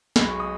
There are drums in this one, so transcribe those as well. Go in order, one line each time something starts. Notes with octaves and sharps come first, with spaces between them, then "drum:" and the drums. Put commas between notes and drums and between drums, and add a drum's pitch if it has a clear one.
B1 B2 G#3 C#4 B5, drum: snare
C#6
D#6